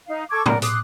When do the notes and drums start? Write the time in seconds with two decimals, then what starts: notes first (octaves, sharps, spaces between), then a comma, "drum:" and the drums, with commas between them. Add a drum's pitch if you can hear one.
0.07 D#4 F5
0.30 A4 C#6 D6 G#6
0.46 A#4 D5 F#5, drum: tom A2
0.62 C6 D6 D#6 F#6, drum: hi-hat